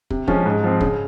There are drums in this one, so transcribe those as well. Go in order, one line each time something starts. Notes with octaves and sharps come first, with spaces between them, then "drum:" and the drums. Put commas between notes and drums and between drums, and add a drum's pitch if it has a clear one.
C3, drum: kick
F3 G#3 C#4, drum: kick
G#2
F3 C4
C#3, drum: kick